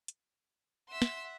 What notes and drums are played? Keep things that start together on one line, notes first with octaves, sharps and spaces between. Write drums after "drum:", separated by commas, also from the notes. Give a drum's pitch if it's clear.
drum: hi-hat
E5 F#5 C6 E6
drum: snare